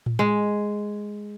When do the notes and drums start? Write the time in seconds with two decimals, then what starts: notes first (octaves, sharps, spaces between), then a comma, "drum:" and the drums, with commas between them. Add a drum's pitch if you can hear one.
0.06 drum: tom A2
0.19 G#3